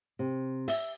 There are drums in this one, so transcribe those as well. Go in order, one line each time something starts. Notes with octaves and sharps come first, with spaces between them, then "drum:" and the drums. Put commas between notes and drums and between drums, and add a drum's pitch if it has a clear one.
C3
E5, drum: open hi-hat